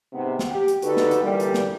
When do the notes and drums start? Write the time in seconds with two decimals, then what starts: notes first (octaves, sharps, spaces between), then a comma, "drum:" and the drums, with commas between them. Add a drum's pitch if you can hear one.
0.13 G#2 C3 B3
0.39 drum: snare
0.49 G4
0.68 drum: hi-hat
0.82 D3 D#4 F#4 G4 A4 B4, drum: hi-hat
0.97 drum: snare
1.11 drum: hi-hat
1.22 A#2 D3 E3 G3
1.40 drum: hi-hat
1.54 drum: snare